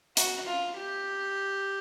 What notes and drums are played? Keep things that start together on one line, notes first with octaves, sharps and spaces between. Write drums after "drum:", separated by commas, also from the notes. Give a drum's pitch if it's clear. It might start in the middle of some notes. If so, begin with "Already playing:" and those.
F#4, drum: hi-hat
F4
G4